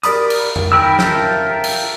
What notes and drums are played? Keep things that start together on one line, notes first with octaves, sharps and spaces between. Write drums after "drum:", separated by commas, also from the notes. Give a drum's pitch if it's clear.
G4 A#4 D5 B5 D#6, drum: hi-hat
drum: cymbal
drum: tom
D#3 A#4 G5 B5 E6
F4 A4 A#4 E5 G5, drum: snare
drum: cymbal